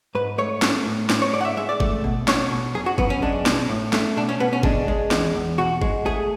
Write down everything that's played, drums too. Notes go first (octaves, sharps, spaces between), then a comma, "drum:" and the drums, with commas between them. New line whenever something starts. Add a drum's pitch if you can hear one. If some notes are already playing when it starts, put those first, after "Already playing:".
G#2 B4
A3 C#5
A3, drum: snare
A2
A2, drum: snare
C#5
G#2 D5
F#5
E5
G#3 E5
D5
A3, drum: kick G1
B2
B2 C#5, drum: snare
B2
F#2 G#4
F#4
F#2 B3, drum: kick G1
C#4
G#3 D4
B2, drum: snare
A2
A3, drum: snare
B2 D4
C#4
B2 B3
C#4
G#3 D4, drum: kick G1
G#3
E2, drum: snare
E2
B2 F#4
G#3, drum: kick G1
A3 G#4